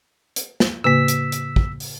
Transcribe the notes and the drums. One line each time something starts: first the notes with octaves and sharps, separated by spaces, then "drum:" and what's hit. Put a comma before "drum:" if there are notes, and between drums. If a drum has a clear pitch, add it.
drum: hi-hat
drum: snare
A2 C#3 A#3 E6 B6
drum: hi-hat
drum: hi-hat
drum: kick
drum: open hi-hat